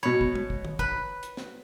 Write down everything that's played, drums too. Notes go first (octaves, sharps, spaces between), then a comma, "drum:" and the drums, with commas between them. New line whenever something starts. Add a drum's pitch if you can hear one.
B2 C#5 B5
drum: kick
drum: tom
drum: kick
drum: tom
B4 F#6, drum: kick
drum: hi-hat
drum: snare